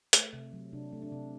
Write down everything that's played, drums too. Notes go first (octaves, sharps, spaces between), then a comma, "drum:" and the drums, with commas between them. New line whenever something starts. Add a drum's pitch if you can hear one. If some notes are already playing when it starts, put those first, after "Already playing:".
A3, drum: hi-hat
C3
F#3
C3 D4
A3
D4
C3